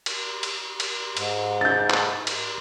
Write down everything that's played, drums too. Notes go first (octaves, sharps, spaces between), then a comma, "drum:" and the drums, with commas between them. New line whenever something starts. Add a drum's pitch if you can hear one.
drum: cymbal
drum: cymbal
drum: cymbal
G#2, drum: cymbal
G6 A6
drum: clap
drum: cymbal